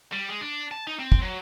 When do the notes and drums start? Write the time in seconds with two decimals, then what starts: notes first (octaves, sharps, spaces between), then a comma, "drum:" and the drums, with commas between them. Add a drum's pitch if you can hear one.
0.13 G3
0.29 G#3
0.41 D4
0.71 A5
0.87 D#4
0.99 C4
1.12 drum: kick
1.22 F#3